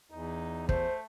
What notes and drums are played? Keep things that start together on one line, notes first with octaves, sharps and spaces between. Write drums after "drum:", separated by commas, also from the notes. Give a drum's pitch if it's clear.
E2 D#4
A3 C5, drum: kick